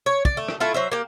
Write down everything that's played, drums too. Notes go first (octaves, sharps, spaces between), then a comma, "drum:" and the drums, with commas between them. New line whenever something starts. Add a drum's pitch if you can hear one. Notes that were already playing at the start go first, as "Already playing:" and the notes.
C#5
D5, drum: kick
A3
drum: rim click
A3 E4 F4
F#3 C5 E5
A#3 G4